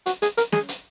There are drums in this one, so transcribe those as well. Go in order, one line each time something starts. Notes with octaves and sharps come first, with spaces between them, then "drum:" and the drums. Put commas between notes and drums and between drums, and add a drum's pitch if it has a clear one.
F#4, drum: hi-hat
G#4, drum: hi-hat
A#4, drum: hi-hat
G#4, drum: snare
drum: hi-hat